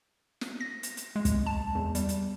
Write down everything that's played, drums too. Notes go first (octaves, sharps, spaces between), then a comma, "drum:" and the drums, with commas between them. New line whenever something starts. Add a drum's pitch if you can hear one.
drum: snare
A#6
drum: hi-hat
drum: hi-hat
G#3
drum: kick, hi-hat
A5
E2
G3, drum: hi-hat
drum: hi-hat